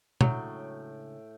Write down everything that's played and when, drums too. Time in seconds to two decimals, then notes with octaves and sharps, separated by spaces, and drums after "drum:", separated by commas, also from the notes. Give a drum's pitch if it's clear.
0.21 A2 C#3 F#3 G#3 D4 G5, drum: tom